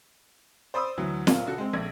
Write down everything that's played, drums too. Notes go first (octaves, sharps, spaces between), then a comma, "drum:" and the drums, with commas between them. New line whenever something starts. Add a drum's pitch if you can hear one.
C5 D5 B5 D#6 E6
D2 E3 F#3
A#2 A#3 F4, drum: snare
C#3 D4 F#4 A4
G#3 C4
A#1 A3 G#6 A#6